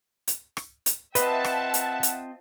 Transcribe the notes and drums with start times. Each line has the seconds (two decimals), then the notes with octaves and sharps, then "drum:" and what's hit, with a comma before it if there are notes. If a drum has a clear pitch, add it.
0.27 drum: hi-hat
0.57 drum: rim click
0.86 drum: hi-hat
1.15 C4 F4 B4 D#5 E5 F#5 A5, drum: hi-hat
1.44 drum: rim click
1.74 drum: hi-hat
2.03 drum: hi-hat